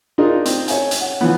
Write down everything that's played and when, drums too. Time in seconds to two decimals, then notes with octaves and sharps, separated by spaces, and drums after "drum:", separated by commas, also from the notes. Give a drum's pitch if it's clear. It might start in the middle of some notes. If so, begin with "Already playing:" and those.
0.18 D4 D#4 F4 G#4 A#4
0.45 C4, drum: hi-hat
0.68 C#5 G#5, drum: hi-hat
0.91 drum: hi-hat
1.00 F#5
1.21 E3 F3 B3